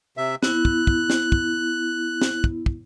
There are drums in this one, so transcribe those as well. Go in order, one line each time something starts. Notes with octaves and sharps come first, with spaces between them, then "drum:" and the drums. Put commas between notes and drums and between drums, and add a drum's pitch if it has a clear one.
C3 E5
B3 E4 F#6, drum: snare
drum: kick
drum: kick
drum: snare
drum: kick
drum: snare
drum: kick
drum: kick